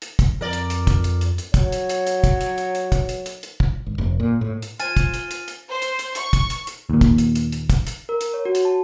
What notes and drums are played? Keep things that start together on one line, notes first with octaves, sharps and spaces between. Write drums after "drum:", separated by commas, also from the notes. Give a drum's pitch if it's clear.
drum: hi-hat
drum: kick, hi-hat
F2 A#4 D5
drum: hi-hat
drum: hi-hat
drum: kick, hi-hat
drum: hi-hat
drum: hi-hat
drum: hi-hat
F#3 C#5, drum: kick, hi-hat
drum: hi-hat
drum: hi-hat
drum: hi-hat
drum: kick, hi-hat
drum: hi-hat
drum: hi-hat
drum: hi-hat
drum: kick, hi-hat
drum: hi-hat
drum: hi-hat
drum: hi-hat
drum: kick
G#1
F1
A#2
A2
drum: hi-hat
F4 C5 G#5 F6 A6 D#7, drum: hi-hat
drum: kick, hi-hat
drum: hi-hat
drum: hi-hat
drum: hi-hat
C5
drum: hi-hat
drum: hi-hat
C#6, drum: hi-hat
drum: kick, hi-hat
drum: hi-hat
drum: hi-hat
D#2 A#2
drum: kick, hi-hat
drum: hi-hat
drum: hi-hat
drum: hi-hat
drum: kick, hi-hat
drum: hi-hat
A#4
drum: hi-hat
C#5
F#4
drum: hi-hat
A5